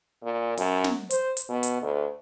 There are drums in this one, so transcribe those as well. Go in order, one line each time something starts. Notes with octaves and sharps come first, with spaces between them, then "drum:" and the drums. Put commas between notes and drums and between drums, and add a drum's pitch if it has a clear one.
A#2
F#2, drum: open hi-hat
drum: snare
C5, drum: hi-hat
drum: hi-hat
B2
drum: hi-hat
D2